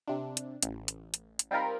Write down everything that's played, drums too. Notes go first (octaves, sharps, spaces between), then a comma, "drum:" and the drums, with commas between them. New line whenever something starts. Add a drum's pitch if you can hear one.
C3 D4
drum: hi-hat
A1, drum: hi-hat
drum: hi-hat
drum: hi-hat
drum: hi-hat
G3 C4 D#4 F4 A#4 B5